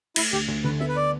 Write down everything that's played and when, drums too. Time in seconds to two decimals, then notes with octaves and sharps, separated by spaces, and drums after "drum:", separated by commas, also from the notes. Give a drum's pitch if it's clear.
0.16 A3 E4, drum: cymbal
0.32 D2 G4
0.48 D2
0.64 D3 B4
0.80 B3 E5
0.89 B4
0.96 D5